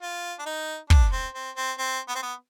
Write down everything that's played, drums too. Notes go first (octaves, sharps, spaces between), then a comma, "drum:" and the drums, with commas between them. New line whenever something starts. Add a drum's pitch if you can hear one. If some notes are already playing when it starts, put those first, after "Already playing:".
F4
D4
D#4
D4, drum: kick
C4
C4
C4
C4
B3
C4
B3